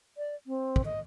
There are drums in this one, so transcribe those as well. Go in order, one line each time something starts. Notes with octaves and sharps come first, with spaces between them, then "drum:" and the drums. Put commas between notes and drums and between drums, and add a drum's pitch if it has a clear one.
D5
C4
drum: kick
D#5